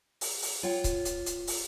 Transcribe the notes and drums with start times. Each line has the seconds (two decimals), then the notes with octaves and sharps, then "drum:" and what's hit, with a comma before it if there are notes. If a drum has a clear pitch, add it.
0.21 drum: open hi-hat
0.42 drum: open hi-hat
0.63 F4 C#5 F#5 G5
0.84 drum: kick C#1, hi-hat
1.05 drum: hi-hat
1.26 drum: hi-hat
1.47 drum: open hi-hat